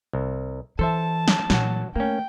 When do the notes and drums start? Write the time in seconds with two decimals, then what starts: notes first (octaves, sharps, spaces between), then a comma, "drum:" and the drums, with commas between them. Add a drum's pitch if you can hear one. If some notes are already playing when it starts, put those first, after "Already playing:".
0.13 C2
0.79 E3 A4 C5 E5 A5
1.28 drum: snare
1.50 A#2 E3 F#3 F#4, drum: snare
1.96 A3 A#3 C#4 G5